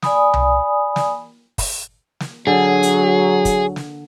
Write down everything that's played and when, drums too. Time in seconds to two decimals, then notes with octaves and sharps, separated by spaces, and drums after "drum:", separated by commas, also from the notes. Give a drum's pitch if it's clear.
0.02 D5 G#5 B5 D#6, drum: snare
0.34 drum: tom C2
0.96 drum: snare
1.58 drum: kick, open hi-hat
2.20 drum: snare
2.47 D3 F#3 G#4
2.83 drum: hi-hat
3.45 drum: kick, hi-hat
3.76 drum: snare